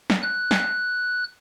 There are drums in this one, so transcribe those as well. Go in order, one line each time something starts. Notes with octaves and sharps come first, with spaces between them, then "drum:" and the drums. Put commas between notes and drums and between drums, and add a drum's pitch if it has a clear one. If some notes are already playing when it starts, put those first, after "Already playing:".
drum: snare
F#6
drum: snare